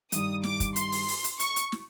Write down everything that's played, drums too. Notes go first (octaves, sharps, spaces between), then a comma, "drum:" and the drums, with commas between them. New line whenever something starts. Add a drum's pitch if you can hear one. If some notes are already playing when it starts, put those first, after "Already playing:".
G2 D#3 G3 D#6, drum: hi-hat
D6, drum: snare
drum: kick, hi-hat
C6, drum: hi-hat
drum: open hi-hat
drum: open hi-hat
drum: hi-hat
C#6, drum: hi-hat
drum: hi-hat
drum: snare